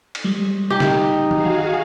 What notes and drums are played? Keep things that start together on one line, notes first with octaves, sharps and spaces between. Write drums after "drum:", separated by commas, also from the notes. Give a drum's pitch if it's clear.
drum: cymbal
G3 G#3
D#4 G4
drum: snare
F#4 G#4 F5, drum: tom D#3